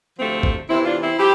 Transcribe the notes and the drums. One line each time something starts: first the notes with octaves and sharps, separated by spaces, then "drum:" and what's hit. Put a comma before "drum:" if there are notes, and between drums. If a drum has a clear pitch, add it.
D2 C3 F3 A3 C4
drum: kick G#1
E2 C3 E3 C4 E4
D4 F4
C4 E4
F3 E4 G4